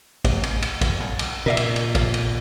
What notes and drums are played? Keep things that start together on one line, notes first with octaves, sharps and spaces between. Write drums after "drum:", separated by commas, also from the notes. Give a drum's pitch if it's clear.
A1, drum: kick, cymbal
drum: cymbal
drum: cymbal
drum: kick, cymbal
drum: tom A2
drum: cymbal
A#2 A#4 D5 E5
drum: cymbal
drum: cymbal
drum: kick, cymbal
drum: cymbal